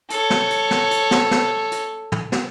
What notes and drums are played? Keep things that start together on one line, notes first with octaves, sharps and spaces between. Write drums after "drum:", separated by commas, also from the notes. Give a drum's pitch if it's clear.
A4 C#5, drum: hi-hat
drum: snare
drum: hi-hat
drum: snare
drum: hi-hat
drum: snare
drum: snare
drum: hi-hat
drum: tom
drum: snare